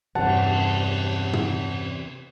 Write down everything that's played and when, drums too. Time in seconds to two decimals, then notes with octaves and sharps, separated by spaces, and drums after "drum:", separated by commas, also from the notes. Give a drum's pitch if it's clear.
0.15 E2 G2 C3 F3 F#5 A5, drum: cymbal
1.33 drum: tom